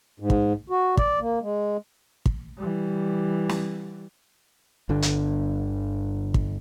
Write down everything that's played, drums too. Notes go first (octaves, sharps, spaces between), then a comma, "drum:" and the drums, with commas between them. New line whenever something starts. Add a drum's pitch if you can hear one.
G#2
drum: kick
F#4
D5, drum: kick
A#3
G#3
drum: kick
E3 G3
drum: snare
G1 D3 D4
drum: hi-hat
drum: kick